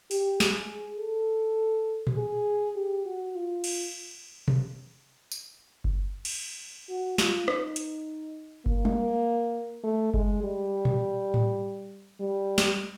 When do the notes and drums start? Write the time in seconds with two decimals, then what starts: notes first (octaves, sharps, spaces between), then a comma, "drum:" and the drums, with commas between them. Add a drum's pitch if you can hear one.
0.11 G4, drum: open hi-hat
0.40 G#4, drum: snare
0.99 A4
2.07 drum: tom A#2
2.17 G#4
2.76 G4
3.06 F#4
3.36 F4
3.64 drum: cymbal
4.48 drum: tom B2
5.32 drum: tambourine
5.84 drum: kick F#1
6.25 drum: cymbal
6.90 F#4
7.18 F4, drum: snare
7.48 D#4, drum: rim click
7.76 drum: hi-hat
8.66 A#3, drum: kick F#1
8.85 drum: tom G3
9.84 A3
10.14 G#3, drum: kick F#1
10.44 G3
10.85 drum: tom A#2
11.34 drum: tom A2
12.20 G3
12.58 drum: snare